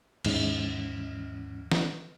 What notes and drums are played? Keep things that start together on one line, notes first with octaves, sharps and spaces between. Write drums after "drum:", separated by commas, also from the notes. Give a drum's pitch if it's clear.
D#2 G#2 E3 C#4, drum: cymbal
drum: snare